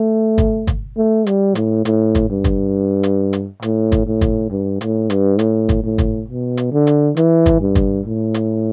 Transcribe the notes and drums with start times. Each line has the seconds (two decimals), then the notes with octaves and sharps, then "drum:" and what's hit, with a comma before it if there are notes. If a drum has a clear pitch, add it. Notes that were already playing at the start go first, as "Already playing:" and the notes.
Already playing: A3
0.38 drum: kick, hi-hat
0.67 drum: kick, hi-hat
0.97 A3
1.26 G3, drum: hi-hat
1.55 A2, drum: hi-hat
1.85 A2, drum: hi-hat
2.15 drum: kick, hi-hat
2.30 G2
2.44 drum: kick, hi-hat
3.03 drum: hi-hat
3.33 drum: hi-hat
3.62 A2, drum: hi-hat
3.92 drum: kick, hi-hat
4.06 A2
4.21 drum: kick, hi-hat
4.50 G2
4.81 A2, drum: hi-hat
5.10 G2, drum: hi-hat
5.39 A2, drum: hi-hat
5.69 drum: kick, hi-hat
5.83 A2
5.98 drum: kick, hi-hat
6.28 B2
6.57 drum: hi-hat
6.72 D3
6.87 drum: hi-hat
7.17 E3, drum: hi-hat
7.46 drum: kick, hi-hat
7.60 G2
7.75 drum: kick, hi-hat
8.05 A2
8.34 drum: hi-hat